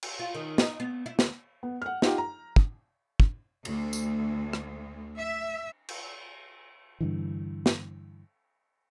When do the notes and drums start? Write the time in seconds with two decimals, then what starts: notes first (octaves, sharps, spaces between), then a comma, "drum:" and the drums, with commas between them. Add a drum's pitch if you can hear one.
0.03 drum: cymbal
0.19 F4
0.35 D#3
0.58 D#4, drum: snare
0.80 B3
1.06 E4
1.19 D2, drum: snare
1.63 B3
1.82 F#5 F6
2.02 D#4 F4 G4 F#5 G5, drum: snare
2.18 A#5
2.56 drum: kick
3.20 drum: kick
3.65 D2, drum: cymbal
3.93 drum: tambourine
4.53 drum: rim click
5.19 E5
5.89 drum: cymbal
7.01 G2 D3 E3
7.66 drum: snare